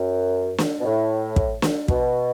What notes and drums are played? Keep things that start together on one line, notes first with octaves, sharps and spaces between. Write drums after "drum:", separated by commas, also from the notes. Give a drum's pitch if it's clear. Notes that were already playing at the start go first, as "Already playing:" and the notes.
Already playing: F#2
drum: snare
B2
A2
drum: kick
drum: snare
B2, drum: kick